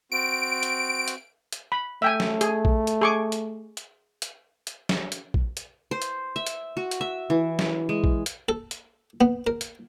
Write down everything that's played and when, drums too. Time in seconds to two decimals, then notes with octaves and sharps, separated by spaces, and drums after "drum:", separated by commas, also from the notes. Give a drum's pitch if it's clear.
0.12 C4 F#4 D7
0.63 drum: hi-hat
1.08 drum: hi-hat
1.52 drum: hi-hat
1.72 B5
2.02 A3 E5 G5 G#5
2.20 drum: snare
2.41 G#4, drum: hi-hat
2.65 drum: kick A#1
2.87 drum: hi-hat
3.01 G#4 C#6 D6
3.32 drum: hi-hat
3.77 drum: hi-hat
4.22 drum: hi-hat
4.67 drum: hi-hat
4.89 drum: snare
5.12 drum: hi-hat
5.34 drum: kick A#1
5.57 drum: hi-hat
5.91 C5
6.02 drum: hi-hat
6.36 E5
6.47 drum: hi-hat
6.77 F#4
6.91 drum: hi-hat
7.01 E5
7.30 E3
7.59 drum: snare
7.89 G#3
8.04 drum: kick A#1
8.26 drum: hi-hat
8.49 A4
8.71 drum: hi-hat
9.21 B3
9.47 A#4
9.61 drum: hi-hat